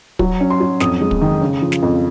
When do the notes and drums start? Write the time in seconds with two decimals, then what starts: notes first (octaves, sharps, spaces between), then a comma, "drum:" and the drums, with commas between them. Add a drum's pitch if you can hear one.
0.19 F#3, drum: kick
0.40 C#4
0.50 C6
0.60 F#3
0.80 F2 D#6, drum: snare
1.01 G#3
1.11 drum: kick
1.21 D#3
1.41 C#3
1.62 F3
1.72 drum: snare
1.82 F2